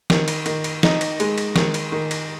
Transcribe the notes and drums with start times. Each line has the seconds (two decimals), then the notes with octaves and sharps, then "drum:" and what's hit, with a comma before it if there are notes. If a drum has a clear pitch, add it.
0.10 D#3, drum: snare
0.28 drum: cymbal
0.46 D#3, drum: cymbal
0.64 drum: cymbal
0.83 D#4, drum: snare
1.01 drum: cymbal
1.20 G#3, drum: cymbal
1.38 drum: cymbal
1.56 D#3, drum: snare
1.74 drum: cymbal
1.92 D#3
2.11 drum: cymbal